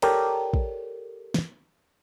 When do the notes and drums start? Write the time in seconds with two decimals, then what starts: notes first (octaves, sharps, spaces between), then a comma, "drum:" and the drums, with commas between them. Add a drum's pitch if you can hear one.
0.02 G4 A4 A#4 C#5 D5 G5, drum: cymbal
0.54 drum: kick
1.34 drum: snare